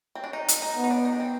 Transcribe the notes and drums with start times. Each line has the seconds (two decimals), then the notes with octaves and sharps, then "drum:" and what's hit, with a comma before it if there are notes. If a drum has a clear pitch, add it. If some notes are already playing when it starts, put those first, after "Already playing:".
0.15 C4
0.24 D4
0.33 D#4
0.48 drum: hi-hat
0.62 D#4
0.77 B3
0.84 D#4
0.90 D4
1.05 D#4
1.12 D4
1.20 C4